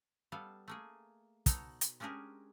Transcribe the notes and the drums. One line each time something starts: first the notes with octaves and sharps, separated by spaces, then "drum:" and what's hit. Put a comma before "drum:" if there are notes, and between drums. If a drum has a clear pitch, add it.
G3 B3 A4 F5
A3 A#3 G#4
B2 D#4 A4 C#5 F#5 A#5, drum: kick, hi-hat
drum: hi-hat
G#3 C#4 D4 G4 G#4 A#4